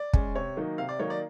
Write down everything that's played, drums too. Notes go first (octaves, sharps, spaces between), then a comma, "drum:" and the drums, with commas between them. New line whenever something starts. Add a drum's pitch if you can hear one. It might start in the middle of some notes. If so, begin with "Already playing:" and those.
Already playing: D5
G#3 C#4, drum: kick
C3 C#5
D#3 F#3 A#3 D#4
C3 F5
D5
D#3 F#3 A#3 D#4 C#5
D5